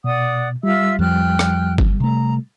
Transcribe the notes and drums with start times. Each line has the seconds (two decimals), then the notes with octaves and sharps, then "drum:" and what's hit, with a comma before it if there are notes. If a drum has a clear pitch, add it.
0.04 B2 D5 F#5 D#6
0.63 G3 F4 E5 E6
0.99 F2 F3 G5 F6 F#6
1.39 drum: rim click
1.78 drum: kick G1
2.00 C3 A3 A#5